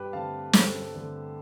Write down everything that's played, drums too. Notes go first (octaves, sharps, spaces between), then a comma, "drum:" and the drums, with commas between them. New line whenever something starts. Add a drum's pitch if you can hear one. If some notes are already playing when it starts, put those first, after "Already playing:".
Already playing: G2 G4 B4
D3 A3 C4 F5 A5
G2 A4 C5, drum: snare
D3 A3 C4